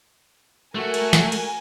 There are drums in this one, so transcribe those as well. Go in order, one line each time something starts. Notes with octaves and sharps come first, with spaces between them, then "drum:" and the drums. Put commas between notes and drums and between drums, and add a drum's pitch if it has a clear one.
A3 F#4 A#4 G#5
drum: cymbal
drum: snare
drum: cymbal